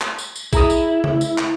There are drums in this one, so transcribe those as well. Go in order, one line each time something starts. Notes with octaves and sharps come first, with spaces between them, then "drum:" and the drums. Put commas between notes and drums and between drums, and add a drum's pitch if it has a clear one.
drum: clap
drum: tambourine
drum: tambourine
E4 G#4 A#5 D#6, drum: kick A1, tambourine
drum: tambourine
drum: tom C#3
drum: tambourine
drum: clap